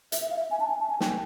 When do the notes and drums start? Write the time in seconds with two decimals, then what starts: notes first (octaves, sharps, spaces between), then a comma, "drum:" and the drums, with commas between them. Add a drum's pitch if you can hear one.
0.12 E5, drum: hi-hat
0.22 E5
0.31 F5
0.37 E5
0.51 G#5
0.60 A5
0.70 G#5
0.81 A5
0.90 G#5
1.00 G5, drum: snare